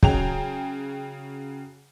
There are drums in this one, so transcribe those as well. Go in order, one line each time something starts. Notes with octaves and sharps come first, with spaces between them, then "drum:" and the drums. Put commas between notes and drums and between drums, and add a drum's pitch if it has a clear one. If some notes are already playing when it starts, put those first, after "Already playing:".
C#3 F#3 G#4 G5 A#5 F7, drum: kick